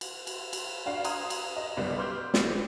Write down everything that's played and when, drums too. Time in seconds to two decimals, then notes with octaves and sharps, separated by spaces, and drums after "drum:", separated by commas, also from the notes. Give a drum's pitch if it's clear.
0.01 drum: cymbal
0.27 drum: cymbal
0.53 drum: cymbal
0.86 D4 F#4 F5
1.05 F5 A#5 C6 D#6 G#6 D#7, drum: cymbal
1.30 drum: cymbal
1.56 D#5
1.77 B1 G3 B3 D6
1.98 B4 C6 D6 F6 G6
2.34 drum: snare